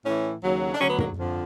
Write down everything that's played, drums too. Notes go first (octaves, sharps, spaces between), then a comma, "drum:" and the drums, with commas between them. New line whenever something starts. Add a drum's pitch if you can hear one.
A2 E3 C#4
D#2 C#3 F#3
D4
D2 D3 F#3 C#4
B3
A#3, drum: tom
F2 D3 F3